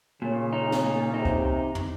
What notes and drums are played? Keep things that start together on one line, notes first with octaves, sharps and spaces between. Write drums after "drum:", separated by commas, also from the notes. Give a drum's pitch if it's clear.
A#2 C#3
D#4
drum: snare
A#2
C3 D#4
drum: kick C2
drum: tom